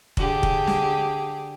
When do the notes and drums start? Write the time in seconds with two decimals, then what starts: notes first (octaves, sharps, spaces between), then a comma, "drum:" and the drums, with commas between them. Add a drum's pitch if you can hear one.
0.17 D3 G4 G#4, drum: kick
0.43 drum: kick
0.67 drum: snare